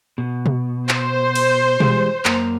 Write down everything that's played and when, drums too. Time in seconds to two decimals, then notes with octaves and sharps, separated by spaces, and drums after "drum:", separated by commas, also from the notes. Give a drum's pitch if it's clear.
0.18 B2
0.46 drum: tom B2
0.89 C5, drum: clap
1.35 drum: cymbal
1.80 E3 G3 G#3, drum: tom B2
2.25 F#2 A#3 A#5, drum: clap